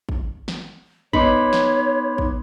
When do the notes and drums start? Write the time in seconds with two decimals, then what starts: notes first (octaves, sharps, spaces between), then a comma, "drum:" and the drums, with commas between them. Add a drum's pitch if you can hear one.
0.09 drum: kick
0.48 drum: snare
1.13 B3 D#4 C#5 B5 C6 D6, drum: kick
1.53 drum: snare
2.18 drum: kick